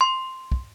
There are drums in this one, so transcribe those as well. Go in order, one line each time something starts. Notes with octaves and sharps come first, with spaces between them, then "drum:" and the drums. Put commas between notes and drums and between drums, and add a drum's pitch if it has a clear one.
C6
drum: kick